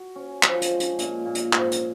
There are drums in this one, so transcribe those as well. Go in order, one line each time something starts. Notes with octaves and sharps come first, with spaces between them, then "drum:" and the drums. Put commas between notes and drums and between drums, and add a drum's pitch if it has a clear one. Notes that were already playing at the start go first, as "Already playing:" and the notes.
Already playing: F#4
C#4
F3, drum: clap
drum: hi-hat
G#3
drum: hi-hat
A#2, drum: hi-hat
A#2
drum: hi-hat
G#2, drum: clap
drum: hi-hat